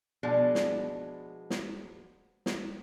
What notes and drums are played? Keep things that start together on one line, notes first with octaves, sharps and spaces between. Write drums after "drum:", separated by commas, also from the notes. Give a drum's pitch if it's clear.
B2 F3 G#3 B3 D4 D5
drum: snare
drum: snare
drum: snare